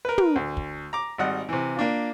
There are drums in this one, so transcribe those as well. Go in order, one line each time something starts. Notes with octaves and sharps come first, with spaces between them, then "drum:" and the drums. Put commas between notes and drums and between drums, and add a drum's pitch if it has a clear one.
A#4 B4
drum: tom
D2
drum: kick
A#5 D6
G#1 G3 D#5 F#5
C3 E3
A#3 D4 F4